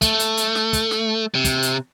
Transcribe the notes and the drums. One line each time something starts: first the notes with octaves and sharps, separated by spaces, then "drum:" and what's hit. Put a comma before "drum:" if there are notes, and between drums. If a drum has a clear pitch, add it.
A3, drum: kick, hi-hat
drum: hi-hat
drum: hi-hat
drum: snare
drum: kick, hi-hat
drum: snare
C3
drum: kick, hi-hat
drum: hi-hat